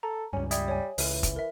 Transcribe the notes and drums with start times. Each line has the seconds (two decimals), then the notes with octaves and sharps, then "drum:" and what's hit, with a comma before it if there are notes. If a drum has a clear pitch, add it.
0.03 A4 A#5
0.33 C#2 G2 C#4 G#5
0.51 G3 E5 D#6 G#6, drum: hi-hat
0.68 C#5 G#5
0.98 C#2 E3, drum: open hi-hat
1.23 drum: kick, hi-hat
1.36 A#4 E5